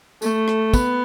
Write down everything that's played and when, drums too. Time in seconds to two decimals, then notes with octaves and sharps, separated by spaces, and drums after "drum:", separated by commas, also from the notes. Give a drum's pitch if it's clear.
0.22 A3, drum: tambourine
0.48 drum: rim click
0.74 B3, drum: kick, tambourine